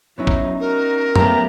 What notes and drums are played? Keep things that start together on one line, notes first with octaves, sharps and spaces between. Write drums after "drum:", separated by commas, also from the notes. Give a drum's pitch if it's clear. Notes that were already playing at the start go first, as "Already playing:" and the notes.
F#3 B3 C#4 D#4 E4
drum: kick
D#4 F#4 A#4
F#3 A3 B3 G4 F5 A#5, drum: tom F#2